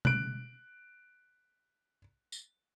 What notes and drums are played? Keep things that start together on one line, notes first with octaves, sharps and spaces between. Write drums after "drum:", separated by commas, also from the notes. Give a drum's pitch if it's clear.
F#6 D7, drum: tom
drum: tambourine